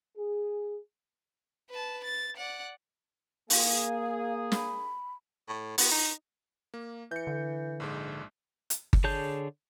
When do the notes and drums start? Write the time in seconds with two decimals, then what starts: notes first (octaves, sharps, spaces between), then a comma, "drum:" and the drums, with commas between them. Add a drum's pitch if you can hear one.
0.16 G#4
1.70 B4 A5
2.04 A6
2.37 D5 F#5
3.50 A#3 G#4 F5, drum: open hi-hat
4.52 B5, drum: snare
5.48 A2
5.78 B3, drum: open hi-hat
5.91 D#4
6.74 A#3
7.11 E3 G6 C#7
7.27 D3
7.80 A#1 G#2 G#3
8.70 drum: hi-hat
8.93 drum: kick G1
9.04 D3 G#4 C#5 A5 G6